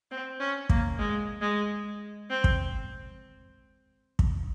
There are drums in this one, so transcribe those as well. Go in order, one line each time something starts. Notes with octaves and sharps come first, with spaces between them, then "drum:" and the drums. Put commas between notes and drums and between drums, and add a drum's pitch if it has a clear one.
C4
C#4
A#3, drum: kick
G#3
G#3
C4
drum: kick
drum: kick